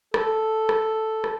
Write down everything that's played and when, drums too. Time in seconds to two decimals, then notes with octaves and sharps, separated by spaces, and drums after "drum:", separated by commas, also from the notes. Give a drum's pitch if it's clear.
0.14 A4, drum: rim click
0.69 drum: rim click
1.24 drum: rim click